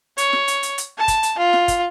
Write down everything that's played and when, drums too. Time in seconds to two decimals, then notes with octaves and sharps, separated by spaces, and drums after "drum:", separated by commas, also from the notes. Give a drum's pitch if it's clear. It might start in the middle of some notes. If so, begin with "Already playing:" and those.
0.18 C#5, drum: hi-hat
0.33 drum: snare
0.48 drum: hi-hat
0.63 drum: hi-hat
0.78 drum: hi-hat
0.98 A5
1.08 drum: kick, hi-hat
1.23 drum: hi-hat
1.38 F4
1.53 drum: snare
1.68 drum: kick, hi-hat